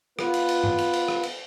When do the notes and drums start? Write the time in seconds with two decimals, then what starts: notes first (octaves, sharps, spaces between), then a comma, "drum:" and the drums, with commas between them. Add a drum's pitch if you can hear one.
0.19 B3 F4 B4, drum: rim click
0.34 drum: cymbal
0.49 drum: cymbal
0.64 drum: tom G2
0.78 drum: cymbal
0.93 drum: cymbal
1.08 drum: rim click
1.23 drum: cymbal